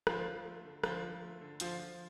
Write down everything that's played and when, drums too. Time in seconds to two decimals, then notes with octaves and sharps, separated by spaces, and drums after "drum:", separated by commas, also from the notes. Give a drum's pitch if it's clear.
0.07 D3 F3 F4, drum: rim click
0.26 F3
0.46 A3
0.65 D3
0.84 D3 F3 F4, drum: rim click
1.03 F3
1.23 A3
1.41 D3
1.60 D3 F3 F4, drum: hi-hat
1.79 F3